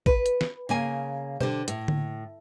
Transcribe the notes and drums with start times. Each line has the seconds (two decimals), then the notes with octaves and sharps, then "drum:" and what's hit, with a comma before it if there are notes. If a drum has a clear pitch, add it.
0.06 B4, drum: kick
0.26 drum: hi-hat
0.41 drum: snare
0.69 C#3 A#3 G#5
1.41 D3 G4 C5, drum: tom B2
1.68 A2, drum: hi-hat
1.88 drum: tom D3